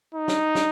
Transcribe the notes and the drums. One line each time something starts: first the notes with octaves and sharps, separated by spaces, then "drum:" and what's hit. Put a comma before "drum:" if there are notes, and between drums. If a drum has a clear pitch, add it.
D#4
drum: snare
drum: snare